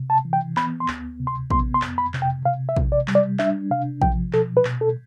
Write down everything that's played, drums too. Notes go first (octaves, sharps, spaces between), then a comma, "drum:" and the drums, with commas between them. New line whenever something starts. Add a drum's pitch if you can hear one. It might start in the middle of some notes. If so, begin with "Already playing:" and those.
Already playing: C3
A5
E3
G5
B3 B5, drum: clap
C6
D2, drum: clap
C3
C6
B3 C6, drum: kick
C6
F2, drum: clap
B5
C3, drum: clap
G5
C3 F5
E5
C3, drum: kick
D5
G3, drum: clap
D5
D4 E5, drum: clap
C3 F5
F3 G5, drum: kick
B2 A4, drum: clap
B4
B2, drum: clap
A4